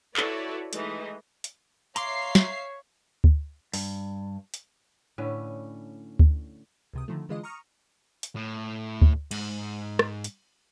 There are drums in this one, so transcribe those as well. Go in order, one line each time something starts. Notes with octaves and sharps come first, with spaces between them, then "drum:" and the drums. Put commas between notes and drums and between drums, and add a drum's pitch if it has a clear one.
E4 F#4 A4 B4 C#5 D5, drum: clap
E3 G#3 A3 D#4 D#5, drum: hi-hat
drum: hi-hat
C#5 E5 F5 A#5 C6 D6 C7, drum: hi-hat
drum: snare
drum: kick D2
G2, drum: open hi-hat
drum: hi-hat
A2 D3 C#4 B4
drum: kick D2
C#2 C3 D#6
D3 D#3 F3 A3
D3 E3 G#3 F4 D#5
A#5 C#6 D#6 F6
drum: hi-hat
A2
drum: kick D2
G#2, drum: cymbal
drum: rim click
drum: hi-hat